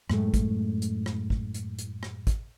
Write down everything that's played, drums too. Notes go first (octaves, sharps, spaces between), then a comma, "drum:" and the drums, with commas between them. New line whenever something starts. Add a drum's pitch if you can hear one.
F#2 A2 G#3 A3, drum: rim click
drum: kick, hi-hat
drum: hi-hat
drum: rim click
drum: kick
drum: hi-hat
drum: hi-hat
drum: rim click
drum: kick, hi-hat